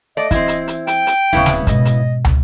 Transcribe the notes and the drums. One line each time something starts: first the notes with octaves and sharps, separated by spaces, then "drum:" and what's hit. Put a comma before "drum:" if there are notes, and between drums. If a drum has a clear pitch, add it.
A3 D5 D#5
E3 C4 E4, drum: kick, hi-hat
drum: hi-hat
drum: hi-hat
G5, drum: hi-hat
drum: hi-hat
D1 C#3 B3 D#4 E4
drum: snare
G#2 B2 D#5, drum: kick, hi-hat
drum: hi-hat
drum: tom